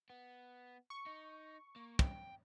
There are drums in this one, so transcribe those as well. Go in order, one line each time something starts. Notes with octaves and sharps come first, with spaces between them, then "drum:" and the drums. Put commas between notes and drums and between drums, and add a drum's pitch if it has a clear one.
B3
C#6
D#4
A#3
G5, drum: kick